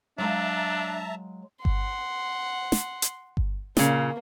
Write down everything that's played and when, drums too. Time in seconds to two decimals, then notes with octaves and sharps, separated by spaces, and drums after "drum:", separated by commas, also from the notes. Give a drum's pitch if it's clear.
0.18 F#3 G#3 D4 E5 F5 A5 A#5
1.65 F#5 C6, drum: kick G1
2.72 drum: snare
3.02 drum: hi-hat
3.37 drum: kick G1
3.77 A#2 C#3 A#3, drum: snare